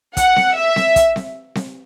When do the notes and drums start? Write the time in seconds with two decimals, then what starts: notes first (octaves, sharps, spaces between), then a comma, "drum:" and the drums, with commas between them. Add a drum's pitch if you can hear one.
0.17 F#5, drum: kick, hi-hat
0.36 drum: snare C4
0.57 E5
0.76 drum: snare C4
0.96 drum: kick, hi-hat
1.16 drum: snare C4
1.55 drum: snare C4